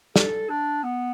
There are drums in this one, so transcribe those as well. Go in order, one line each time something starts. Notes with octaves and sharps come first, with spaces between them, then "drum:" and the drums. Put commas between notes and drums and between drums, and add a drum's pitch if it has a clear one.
A4, drum: snare
D4
B3